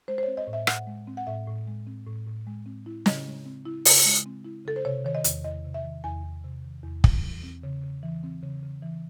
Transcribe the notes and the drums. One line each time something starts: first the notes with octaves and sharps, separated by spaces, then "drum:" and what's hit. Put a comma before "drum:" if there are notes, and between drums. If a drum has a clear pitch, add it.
G#3 C5
C5
C4 C#5
D#5
A2
E5
A2 F#5, drum: rim click
G#3
C4
F#5
A2 E5
A2
G#3
C4
A2
A2
G#3
C4
E4
C#3 D#5, drum: snare
G#3
C4
E4
C#3, drum: open hi-hat
G#3
C4
E4
C#3 A4
C5
C3 C#5
D#3 C#5
D#5
E2, drum: hi-hat
E2 D#5
C3
E5
D#3
E2 G#5
E2
C3
D#3
E2
E2, drum: kick
E3
C4
C#3
C#3
E3
C4
C#3
C#3
E3